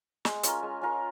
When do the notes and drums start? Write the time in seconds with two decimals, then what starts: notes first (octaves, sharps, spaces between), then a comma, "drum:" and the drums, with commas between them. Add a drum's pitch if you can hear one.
0.25 G#3, drum: snare
0.43 C#4 F4 A#4, drum: hi-hat
0.63 G#3
0.82 C#4 F4 A#4